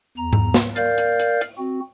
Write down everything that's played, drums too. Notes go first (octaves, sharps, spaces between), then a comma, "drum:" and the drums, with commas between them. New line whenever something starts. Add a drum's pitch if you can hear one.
E2 A#5
drum: tom G#2
drum: snare
A#4 D5 F5 G6, drum: hi-hat
drum: hi-hat
drum: hi-hat
drum: hi-hat
C4 F#4